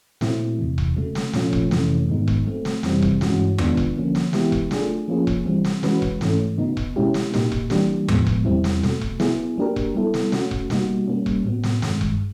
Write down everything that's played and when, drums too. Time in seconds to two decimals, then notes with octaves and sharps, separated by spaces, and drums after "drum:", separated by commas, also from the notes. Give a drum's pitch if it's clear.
0.21 A#2 F#3 A3 C4 E4, drum: snare
0.59 E2 C3 E3
0.78 drum: kick E1
0.97 C#3 F#3 A3
1.15 drum: snare
1.33 A#2 F3 A3 C#4 F4, drum: snare
1.53 drum: kick E1
1.71 F2 C3 E3 A3 C#4, drum: snare
2.09 G#2 D#3 G#3 B3 D#4
2.28 drum: kick E1
2.46 F#3 A3 C4
2.65 drum: snare
2.83 F2 C3 E3 G3 C4, drum: snare
3.02 drum: kick E1
3.21 G2 E3 G#3 C#4 F#4, drum: snare
3.58 D#3 G#3 B3 D4 F4, drum: tom E2
3.77 drum: kick E1
3.96 D3 F3 A#3 C#4
4.15 drum: snare
4.33 E3 G#3 B3 E4 G4, drum: snare
4.52 drum: kick E1
4.71 F#3 A3 D4 F4 G#4, drum: snare
5.08 F3 A#3 C#4 F4 G#4
5.27 drum: kick E1
5.45 E3 G3 C4
5.64 drum: snare
5.83 E3 G#3 C#4 F#4 B4, drum: snare
6.02 drum: kick E1
6.21 G#2 E3 A3 C#4, drum: snare
6.58 C#3 F#3 B3 D#4
6.77 drum: kick E1
6.96 B2 G#3 C#4 E4 G4
7.14 drum: snare
7.34 A#2 F#3 A#3 D#4 G4, drum: snare
7.52 drum: kick E1
7.70 E3 G3 A#3 D4 G4, drum: snare
8.08 A2 F3 G#3 B3, drum: tom E2
8.27 drum: kick E1
8.45 E2 B2 G3 C4 E4
8.64 drum: snare
8.83 B2 F#3 A3, drum: snare
9.01 drum: kick E1
9.20 F#3 B3 E4 G#4, drum: snare
9.58 F#3 A#3 D4 G4 A#4
9.76 drum: kick E1
9.95 G3 B3 E4 A4
10.14 drum: snare
10.32 F#3 A3 C#4 F#4, drum: snare
10.51 drum: kick E1
10.70 B2 G3 A#3 D#4 F#4, drum: snare
11.08 G3 A#3 C#4
11.26 drum: kick E1
11.45 A2 F#3 B3
11.63 drum: snare
11.82 G2 D#3 G#3, drum: snare
12.01 drum: kick E1